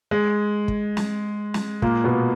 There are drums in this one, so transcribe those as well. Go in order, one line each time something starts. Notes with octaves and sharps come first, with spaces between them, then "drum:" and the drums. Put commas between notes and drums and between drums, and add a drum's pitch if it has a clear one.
G#3
drum: kick
drum: snare
drum: snare
A#2 A#3, drum: kick
B2 B3